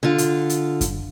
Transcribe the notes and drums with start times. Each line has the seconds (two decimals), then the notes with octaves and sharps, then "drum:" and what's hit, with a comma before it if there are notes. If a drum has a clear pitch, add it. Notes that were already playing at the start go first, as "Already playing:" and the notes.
0.03 D3 F4
0.18 drum: hi-hat
0.50 drum: hi-hat
0.81 drum: kick F#2, hi-hat